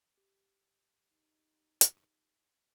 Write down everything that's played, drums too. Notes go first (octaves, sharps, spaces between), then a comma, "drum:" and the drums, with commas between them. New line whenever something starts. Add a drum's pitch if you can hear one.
G4
D#4
drum: hi-hat